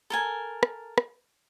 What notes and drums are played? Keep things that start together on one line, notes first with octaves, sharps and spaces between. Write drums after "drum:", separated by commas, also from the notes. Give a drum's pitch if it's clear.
A4 A#4 G#5
drum: rim click
drum: rim click